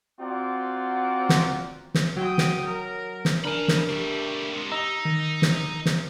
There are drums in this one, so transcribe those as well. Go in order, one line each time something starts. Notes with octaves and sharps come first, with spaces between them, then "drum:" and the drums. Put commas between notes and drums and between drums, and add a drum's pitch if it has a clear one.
C4 F4 F#4 D5 F#5 A#5
drum: snare
drum: snare
F#3 G5 D#6
drum: snare
A#4
drum: snare
D4 A#4 G#5 B5
drum: snare
G3 A3 G4
C3 G#3
D#4 D#5 A#5 E6
D#3
drum: snare
drum: snare